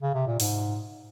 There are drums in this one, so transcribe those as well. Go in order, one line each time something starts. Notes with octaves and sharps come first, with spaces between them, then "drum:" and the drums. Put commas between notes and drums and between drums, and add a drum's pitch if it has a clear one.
C#3
C3
A#2
G#2, drum: open hi-hat